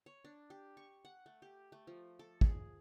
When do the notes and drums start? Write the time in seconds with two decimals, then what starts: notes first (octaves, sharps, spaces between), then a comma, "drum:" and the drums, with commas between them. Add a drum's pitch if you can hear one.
0.06 C#5
0.25 D4
0.50 G4
0.77 C#6
1.05 F#5
1.26 A3
1.42 G4
1.72 A3
1.87 F3
2.19 A4
2.41 G#4, drum: kick